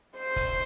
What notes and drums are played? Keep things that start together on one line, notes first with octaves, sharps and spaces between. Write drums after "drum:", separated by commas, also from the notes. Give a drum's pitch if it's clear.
C5
drum: kick F1, hi-hat